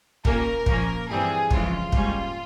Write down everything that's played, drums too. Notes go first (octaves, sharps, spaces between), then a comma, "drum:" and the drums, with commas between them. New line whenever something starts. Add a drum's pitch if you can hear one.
A#2 G3 A#3 C#4 A#4, drum: kick
A#2 F3 A#3 C#4, drum: kick
G2 E3 G3 C4 G#4
F2 C#3 E3 G#3 F4, drum: kick
G#2 G3 A#3 C#4, drum: kick